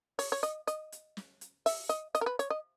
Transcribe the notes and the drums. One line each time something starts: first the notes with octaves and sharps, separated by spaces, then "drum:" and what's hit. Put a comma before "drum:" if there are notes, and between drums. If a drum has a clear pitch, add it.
C#5, drum: open hi-hat
C#5
D#5, drum: hi-hat
D#5, drum: hi-hat
drum: hi-hat
drum: snare
drum: hi-hat
E5, drum: open hi-hat
D#5, drum: hi-hat
D#5, drum: hi-hat
A#4
B4
C#5, drum: hi-hat
D#5